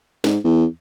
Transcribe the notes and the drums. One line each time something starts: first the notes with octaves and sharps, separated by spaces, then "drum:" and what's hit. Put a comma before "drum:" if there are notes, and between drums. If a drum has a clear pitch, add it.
G#2, drum: snare
E2